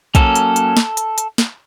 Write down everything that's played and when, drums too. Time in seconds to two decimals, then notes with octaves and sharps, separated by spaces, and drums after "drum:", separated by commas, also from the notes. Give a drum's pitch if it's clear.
0.15 F#3 A#3 C#4 A4, drum: kick, hi-hat
0.35 drum: hi-hat
0.56 drum: hi-hat
0.77 drum: snare
0.97 drum: hi-hat
1.18 drum: hi-hat
1.38 drum: snare